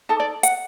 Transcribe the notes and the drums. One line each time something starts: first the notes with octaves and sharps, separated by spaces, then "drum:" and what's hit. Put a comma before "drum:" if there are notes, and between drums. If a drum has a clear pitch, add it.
D#4 A4 A5
D5
F#5, drum: hi-hat